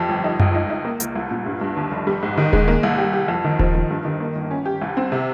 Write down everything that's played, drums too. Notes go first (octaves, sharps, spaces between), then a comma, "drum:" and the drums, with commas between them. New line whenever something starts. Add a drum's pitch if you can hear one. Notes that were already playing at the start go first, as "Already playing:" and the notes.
Already playing: F2 G4
G1
D#4
C#2, drum: tom F#2
D#4
D#4
A#3
C#2, drum: hi-hat
C2
A#2
G2
G2
D#2
F1
G3
G#2
D#3
G#3, drum: kick D#1
A#3
C2
G4
G4
F2
D#3
F3, drum: kick D#1
F3
G2
D#3
A#3
G1
C#4
G4
C2
C4
C3